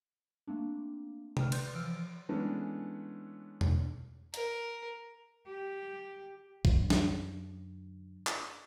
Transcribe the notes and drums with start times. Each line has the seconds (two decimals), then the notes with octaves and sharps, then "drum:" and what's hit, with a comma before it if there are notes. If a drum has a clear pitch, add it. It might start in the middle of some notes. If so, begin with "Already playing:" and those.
0.48 A3 A#3 C4 D4
1.37 G5 F6, drum: tom C3
1.52 B4 D5 C6 G6, drum: cymbal
1.75 E3 F3 E6 F6 D7
2.29 E3 G#3 A3 B3 C#4 D4
3.61 drum: tom E2
4.34 A#4, drum: hi-hat
5.47 G4
6.65 F#2 D3, drum: kick
6.90 drum: snare
8.27 drum: clap